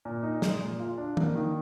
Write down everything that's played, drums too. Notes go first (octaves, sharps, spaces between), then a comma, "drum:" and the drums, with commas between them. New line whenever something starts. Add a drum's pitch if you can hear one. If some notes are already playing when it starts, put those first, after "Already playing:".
A#2
D#4
G#3, drum: snare
A#2
F4
D4
A#3, drum: tom D#3
D#3